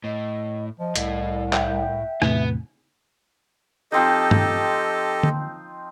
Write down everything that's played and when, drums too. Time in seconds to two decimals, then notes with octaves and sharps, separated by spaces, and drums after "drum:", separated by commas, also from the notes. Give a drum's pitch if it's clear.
0.04 A2 D#5
0.80 F3 D#5
0.96 C2 A2, drum: hi-hat
1.53 E5 F#5 G5, drum: clap
2.22 E2 A2 C3 B3, drum: rim click
3.92 F3 C4 D#4 G4 A4 D#5
4.31 drum: tom
5.23 drum: tom D3